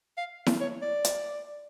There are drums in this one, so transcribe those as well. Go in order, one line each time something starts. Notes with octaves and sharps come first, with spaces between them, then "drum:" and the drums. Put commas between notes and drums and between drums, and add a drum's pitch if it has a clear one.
F5
drum: snare E4
C#5
D5
drum: hi-hat